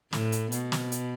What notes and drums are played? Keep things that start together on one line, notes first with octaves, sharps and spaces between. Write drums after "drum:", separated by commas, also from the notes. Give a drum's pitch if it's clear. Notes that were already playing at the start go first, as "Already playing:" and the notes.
A2, drum: snare
drum: hi-hat
B2, drum: hi-hat
drum: snare
drum: hi-hat